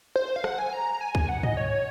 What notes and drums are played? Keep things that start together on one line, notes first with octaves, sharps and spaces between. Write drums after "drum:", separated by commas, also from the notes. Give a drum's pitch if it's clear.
C5
F5
F#5, drum: rim click
G#5
A#5
A#5
G#5
drum: kick C#2
F#5
D#5, drum: tom G#2
C#5